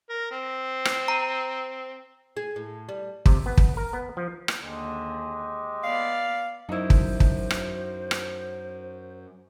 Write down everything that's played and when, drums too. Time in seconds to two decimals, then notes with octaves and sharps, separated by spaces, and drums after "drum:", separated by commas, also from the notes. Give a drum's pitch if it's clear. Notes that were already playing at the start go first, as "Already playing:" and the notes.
0.09 A#4
0.31 C4
0.85 drum: rim click
1.08 A#5
2.37 G#4
2.56 A2
2.89 G3
3.26 C3, drum: kick
3.46 B3
3.58 drum: kick
3.77 A#4
3.93 B3
4.17 F3
4.48 drum: rim click
4.63 D#2 D3 G#3 G4
5.83 B3 D5 F5 F6
6.69 F#2 D#4 E4 C5
6.90 drum: kick
7.20 drum: kick
7.51 drum: rim click
8.11 drum: rim click